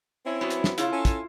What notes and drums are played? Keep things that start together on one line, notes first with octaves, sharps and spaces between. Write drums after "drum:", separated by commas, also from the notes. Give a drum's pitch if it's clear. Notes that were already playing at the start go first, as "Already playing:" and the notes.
C4 C#4 E4
F#3 B3
drum: hi-hat
drum: snare
C#3 E4 F4, drum: hi-hat
C#4 A4
drum: kick, hi-hat